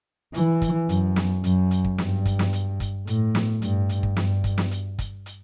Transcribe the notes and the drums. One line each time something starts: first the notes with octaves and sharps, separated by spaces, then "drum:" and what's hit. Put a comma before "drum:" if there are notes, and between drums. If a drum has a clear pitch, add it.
E3, drum: hi-hat
drum: kick, hi-hat
F#2, drum: hi-hat
drum: snare
F#2, drum: hi-hat
drum: hi-hat
drum: kick
G2, drum: snare
drum: kick, hi-hat
drum: snare
drum: hi-hat
drum: kick, hi-hat
A2, drum: hi-hat
drum: snare
G2, drum: hi-hat
drum: hi-hat
drum: kick
G2, drum: snare
drum: kick, hi-hat
drum: snare
drum: hi-hat
drum: kick, hi-hat
drum: hi-hat